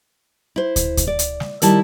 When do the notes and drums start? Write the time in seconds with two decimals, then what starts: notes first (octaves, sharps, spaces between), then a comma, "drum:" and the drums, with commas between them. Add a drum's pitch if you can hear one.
0.56 E4 C5
0.76 drum: kick, hi-hat
0.97 drum: kick, hi-hat
1.07 D5
1.19 drum: hi-hat
1.40 drum: snare
1.62 D#3 G3 E4 A5, drum: hi-hat